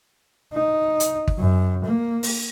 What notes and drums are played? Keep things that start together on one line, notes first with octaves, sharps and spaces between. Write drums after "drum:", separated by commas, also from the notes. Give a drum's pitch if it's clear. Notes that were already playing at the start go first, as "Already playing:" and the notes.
D#4
drum: hi-hat
drum: kick
F#2
A#3
drum: open hi-hat